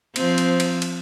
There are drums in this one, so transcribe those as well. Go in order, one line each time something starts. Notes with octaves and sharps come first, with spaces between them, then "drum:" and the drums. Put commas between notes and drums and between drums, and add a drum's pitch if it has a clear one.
F3 C4, drum: cymbal
drum: cymbal
drum: cymbal
drum: cymbal